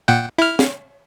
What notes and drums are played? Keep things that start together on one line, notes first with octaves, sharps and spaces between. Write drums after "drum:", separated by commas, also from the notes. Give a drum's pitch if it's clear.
A#2 F#5 G5
E4 F6
drum: snare